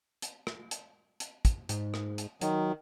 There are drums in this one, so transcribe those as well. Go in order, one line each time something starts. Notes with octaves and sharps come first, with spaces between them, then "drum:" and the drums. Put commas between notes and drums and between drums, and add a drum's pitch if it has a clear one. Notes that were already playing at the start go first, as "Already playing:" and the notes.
drum: hi-hat
drum: rim click
drum: hi-hat
drum: hi-hat
drum: kick, hi-hat
G#2, drum: hi-hat
drum: rim click
drum: hi-hat
D#3 F#3, drum: hi-hat